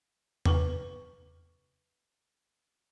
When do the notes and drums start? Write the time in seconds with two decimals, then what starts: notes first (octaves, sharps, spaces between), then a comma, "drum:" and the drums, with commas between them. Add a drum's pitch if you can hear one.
0.46 B4 C#6 D6, drum: tom E2